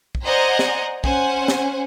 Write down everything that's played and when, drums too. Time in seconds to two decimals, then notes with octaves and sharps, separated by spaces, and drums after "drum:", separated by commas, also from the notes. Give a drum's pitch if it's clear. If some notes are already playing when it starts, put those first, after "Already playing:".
0.15 drum: kick
0.24 C5 D5 D#5 F#5 G#5 A#5
0.59 drum: snare
1.04 C#4 C5 F#5 G#5, drum: kick
1.48 drum: snare